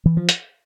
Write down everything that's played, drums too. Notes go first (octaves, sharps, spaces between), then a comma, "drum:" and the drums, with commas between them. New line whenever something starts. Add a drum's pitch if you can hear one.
E3
F3
drum: hi-hat